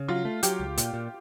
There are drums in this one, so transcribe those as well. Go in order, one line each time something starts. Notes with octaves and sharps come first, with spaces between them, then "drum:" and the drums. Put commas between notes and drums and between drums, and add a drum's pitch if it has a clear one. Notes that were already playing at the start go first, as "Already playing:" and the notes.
Already playing: C#3
F#3 F4
A3
F#3 G4, drum: hi-hat
C#2
A#2, drum: hi-hat
A#2